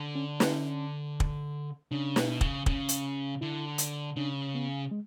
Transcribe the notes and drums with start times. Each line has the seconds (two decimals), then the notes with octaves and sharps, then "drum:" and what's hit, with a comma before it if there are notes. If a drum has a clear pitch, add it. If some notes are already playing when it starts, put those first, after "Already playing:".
Already playing: D3
0.15 C#4
0.40 C#4, drum: snare
1.20 drum: kick
1.91 C#3 D4
2.16 B2, drum: snare
2.41 C#3, drum: kick
2.66 C#3, drum: kick
2.89 drum: hi-hat
3.41 D3 E4
3.78 drum: hi-hat
4.16 C#3 D4
4.55 B3
4.91 G#3